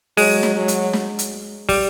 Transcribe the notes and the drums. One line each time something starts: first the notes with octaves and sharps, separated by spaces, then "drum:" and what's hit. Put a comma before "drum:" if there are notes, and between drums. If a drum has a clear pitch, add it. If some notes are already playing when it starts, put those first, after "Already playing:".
F#3 G#3, drum: open hi-hat
drum: snare
F#3
drum: hi-hat
drum: snare
drum: hi-hat
G3, drum: kick, open hi-hat